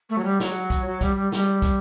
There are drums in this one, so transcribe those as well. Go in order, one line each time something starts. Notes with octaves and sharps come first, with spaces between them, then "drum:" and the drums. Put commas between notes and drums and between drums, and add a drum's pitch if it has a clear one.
A3
F#3
G3
F#3, drum: snare
drum: kick, hi-hat
F#3
G3, drum: kick, hi-hat
G3
G3, drum: snare
drum: kick, hi-hat